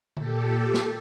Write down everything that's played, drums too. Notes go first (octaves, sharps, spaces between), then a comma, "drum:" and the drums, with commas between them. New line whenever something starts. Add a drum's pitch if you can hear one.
A#2 G4 A4, drum: tom D3
drum: snare